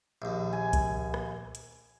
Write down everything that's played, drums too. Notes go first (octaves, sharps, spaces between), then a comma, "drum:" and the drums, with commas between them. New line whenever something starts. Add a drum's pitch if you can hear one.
A#1 D#2
G#5
drum: kick C2, hi-hat
drum: rim click
drum: hi-hat